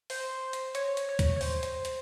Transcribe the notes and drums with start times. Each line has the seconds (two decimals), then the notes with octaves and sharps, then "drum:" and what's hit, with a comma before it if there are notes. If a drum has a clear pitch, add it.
0.10 C5, drum: open hi-hat
0.53 drum: hi-hat
0.75 C#5, drum: hi-hat
0.97 drum: hi-hat
1.09 C#5
1.19 drum: kick, hi-hat
1.36 C#5
1.41 C5, drum: open hi-hat
1.63 drum: hi-hat
1.85 drum: hi-hat